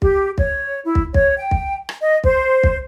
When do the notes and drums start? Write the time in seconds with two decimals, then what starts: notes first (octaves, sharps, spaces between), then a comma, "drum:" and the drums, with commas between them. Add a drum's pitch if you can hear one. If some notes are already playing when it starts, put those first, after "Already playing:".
0.02 G4, drum: kick
0.38 C#5, drum: kick
0.84 E4
0.95 drum: kick
1.14 C#5, drum: kick
1.38 G5
1.51 drum: kick
1.89 drum: rim click
2.01 D#5
2.24 C5, drum: kick
2.63 drum: kick